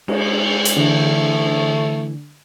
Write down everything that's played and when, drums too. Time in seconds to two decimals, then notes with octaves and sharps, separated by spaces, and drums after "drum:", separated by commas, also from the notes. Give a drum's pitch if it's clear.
0.08 G#3, drum: cymbal
0.65 drum: hi-hat
0.76 D3 E3 A3